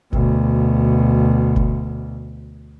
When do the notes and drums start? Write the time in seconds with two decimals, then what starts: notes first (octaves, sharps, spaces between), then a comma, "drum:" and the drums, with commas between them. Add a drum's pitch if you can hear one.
0.13 D2 B2, drum: kick
1.56 drum: kick